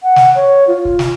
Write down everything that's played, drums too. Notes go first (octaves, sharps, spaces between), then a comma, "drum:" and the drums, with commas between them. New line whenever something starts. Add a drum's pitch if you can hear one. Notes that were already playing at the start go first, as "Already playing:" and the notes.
F#5
drum: snare
C#5
F4
drum: kick
drum: snare